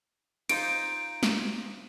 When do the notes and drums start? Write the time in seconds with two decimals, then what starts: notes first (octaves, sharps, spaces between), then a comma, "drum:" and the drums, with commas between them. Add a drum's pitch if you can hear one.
0.49 D#4 F4 C5 D7, drum: cymbal
1.23 drum: snare